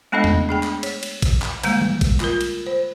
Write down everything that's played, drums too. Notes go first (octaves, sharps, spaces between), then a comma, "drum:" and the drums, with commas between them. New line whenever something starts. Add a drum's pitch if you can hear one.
G#3 A3 B3 D4 A4 D#5
drum: tom E2
D4 G#4 G5
drum: clap
C#5, drum: cymbal
drum: cymbal
drum: kick A#1, cymbal
drum: clap
D3 G3 G#3 A#3, drum: cymbal
drum: tom D#3
drum: kick A#1, cymbal
F4 A#4, drum: clap
drum: cymbal
C5